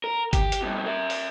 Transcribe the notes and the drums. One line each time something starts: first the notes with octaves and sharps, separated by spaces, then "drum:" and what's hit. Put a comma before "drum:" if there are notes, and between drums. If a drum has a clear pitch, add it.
A#4
G4, drum: kick G1, hi-hat
drum: hi-hat
B2 G3
A#4 E5
drum: open hi-hat